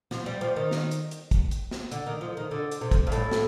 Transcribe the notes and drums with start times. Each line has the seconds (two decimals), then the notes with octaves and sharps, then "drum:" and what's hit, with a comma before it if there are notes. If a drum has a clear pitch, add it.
0.11 F3, drum: snare
0.26 G3
0.41 F3
0.56 D#3
0.71 drum: snare
0.91 drum: hi-hat
1.11 drum: hi-hat
1.31 drum: kick, hi-hat
1.51 drum: hi-hat
1.71 drum: snare
1.91 D3, drum: hi-hat
2.06 D#3
2.21 F3
2.37 D#3
2.51 D3
2.71 drum: hi-hat
2.81 C3
2.91 drum: kick, hi-hat
3.07 G2
3.12 A2, drum: hi-hat
3.31 drum: snare